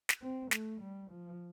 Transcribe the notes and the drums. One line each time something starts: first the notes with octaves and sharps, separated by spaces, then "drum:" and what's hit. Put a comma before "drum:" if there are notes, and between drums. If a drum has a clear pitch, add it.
drum: snare
C4
A3, drum: snare
G3
F3